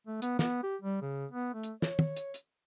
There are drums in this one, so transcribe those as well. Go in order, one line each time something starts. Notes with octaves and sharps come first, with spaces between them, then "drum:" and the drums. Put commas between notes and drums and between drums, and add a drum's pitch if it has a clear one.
A3
B3, drum: hi-hat
B3, drum: snare
G4
G3
C#3
B3
A3
drum: hi-hat
C#5, drum: snare
drum: tom
drum: hi-hat
drum: hi-hat